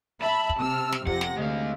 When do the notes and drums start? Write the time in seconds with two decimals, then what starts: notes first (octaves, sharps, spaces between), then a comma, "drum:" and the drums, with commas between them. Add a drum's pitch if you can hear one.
0.22 E5 A5 B5
0.49 drum: kick
0.60 C3 E6 F6
0.92 drum: snare
1.07 F2 C3 F#5 A#6, drum: kick
1.21 drum: snare
1.37 D2 G#3 F5